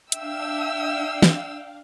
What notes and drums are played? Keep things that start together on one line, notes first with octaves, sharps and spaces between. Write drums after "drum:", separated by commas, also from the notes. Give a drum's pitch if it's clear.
D4 E5 F5 G5 E6, drum: hi-hat
drum: snare